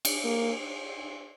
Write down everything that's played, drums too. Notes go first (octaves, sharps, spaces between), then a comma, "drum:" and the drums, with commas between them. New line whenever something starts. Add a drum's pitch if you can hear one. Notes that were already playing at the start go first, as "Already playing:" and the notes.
drum: cymbal
A#3